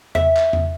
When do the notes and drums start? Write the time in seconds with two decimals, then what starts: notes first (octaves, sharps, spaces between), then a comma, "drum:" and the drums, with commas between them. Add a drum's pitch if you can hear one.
0.15 E5, drum: tom E2
0.37 drum: clap
0.53 drum: tom E2